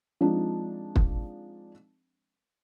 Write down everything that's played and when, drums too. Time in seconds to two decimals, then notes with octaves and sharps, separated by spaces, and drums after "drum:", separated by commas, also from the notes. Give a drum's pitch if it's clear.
0.21 F3 G#3 C4 D4 D#4
0.96 drum: kick